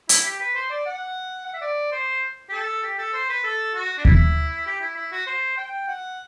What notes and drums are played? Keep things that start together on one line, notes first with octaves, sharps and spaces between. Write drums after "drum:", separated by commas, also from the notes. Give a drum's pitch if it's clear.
E4, drum: hi-hat
G4
B4
C5
D5
F#5
F#5
E5
D5
C5
G4
A4
G4
A4
C5
B4
A4
F#4
D4
E4, drum: kick D#2
G4
E4
E4
F#4
C5
G5
F#5